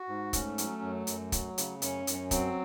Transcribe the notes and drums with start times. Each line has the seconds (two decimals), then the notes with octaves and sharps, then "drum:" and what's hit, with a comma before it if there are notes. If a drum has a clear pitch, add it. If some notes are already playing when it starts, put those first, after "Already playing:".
Already playing: F#4
0.08 G#2
0.33 A3 C#4, drum: kick, hi-hat
0.58 F#3, drum: hi-hat
0.82 F#2
1.07 F#2, drum: hi-hat
1.32 F#3, drum: kick, hi-hat
1.58 C#3, drum: hi-hat
1.82 F#2 C#4, drum: hi-hat
2.07 F#2, drum: hi-hat
2.31 F#3 C4, drum: kick, hi-hat